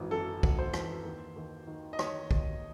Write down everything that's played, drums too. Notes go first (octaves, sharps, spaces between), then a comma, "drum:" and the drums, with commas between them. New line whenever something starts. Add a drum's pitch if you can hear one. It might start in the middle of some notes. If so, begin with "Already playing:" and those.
Already playing: G#1 F#2 E3
F#2 A4
G#1, drum: kick B1
C5
E3, drum: rim click
D#2
D#2
D#3
D#5
D#3 C#5, drum: rim click
D#2, drum: kick B1